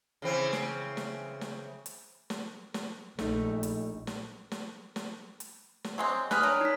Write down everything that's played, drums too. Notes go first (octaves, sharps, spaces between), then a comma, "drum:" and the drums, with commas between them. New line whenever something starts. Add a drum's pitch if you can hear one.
C#3 E3 C4
drum: snare
drum: snare
drum: snare
drum: hi-hat
drum: snare
drum: snare
A#1 A3 D#4, drum: snare
drum: hi-hat
drum: snare
drum: snare
drum: snare
drum: hi-hat
drum: snare
F#3 G#3 C4
G4 G#4 B4 D#6 F6 F#6, drum: snare
D4 A#4 C#5
D#4 B6